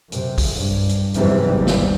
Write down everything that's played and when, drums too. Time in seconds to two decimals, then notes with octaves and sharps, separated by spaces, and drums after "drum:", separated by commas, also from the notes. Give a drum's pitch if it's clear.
0.12 F#2 C3, drum: hi-hat
0.38 drum: kick, open hi-hat
0.55 G2
0.89 drum: hi-hat
1.14 E2 G#2 C3 E3 F#3 G3, drum: hi-hat
1.50 G#1 D#2 G3
1.67 drum: snare